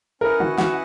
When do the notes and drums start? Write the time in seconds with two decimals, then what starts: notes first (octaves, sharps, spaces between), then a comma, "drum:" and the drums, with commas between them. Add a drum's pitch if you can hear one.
0.21 C#4 E4 A#4 B4 D#5 F#5
0.40 F#4, drum: tom
0.58 F#4, drum: snare